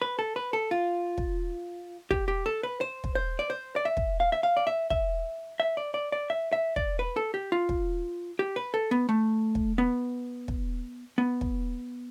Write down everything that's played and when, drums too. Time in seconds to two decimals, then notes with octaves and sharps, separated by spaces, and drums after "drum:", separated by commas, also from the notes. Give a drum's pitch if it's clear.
0.02 B4
0.19 A4
0.36 B4
0.53 A4
0.71 F4
1.18 drum: kick
2.11 G4, drum: kick
2.28 G4
2.46 A4
2.63 B4
2.81 C5
3.04 drum: kick
3.15 C5
3.39 D5
3.50 C5
3.76 D5
3.85 E5
3.97 drum: kick
4.20 F5
4.32 E5
4.43 F5
4.57 D5
4.67 E5
4.90 E5, drum: kick
5.60 E5
5.77 D5
5.94 D5
6.12 D5
6.30 E5
6.53 E5
6.76 D5, drum: kick
6.99 B4
7.16 A4
7.34 G4
7.52 F4
7.69 drum: kick
8.39 G4
8.56 B4
8.74 A4
8.91 B3
9.09 A3
9.55 drum: kick
9.78 B3
10.48 drum: kick
11.18 B3
11.41 drum: kick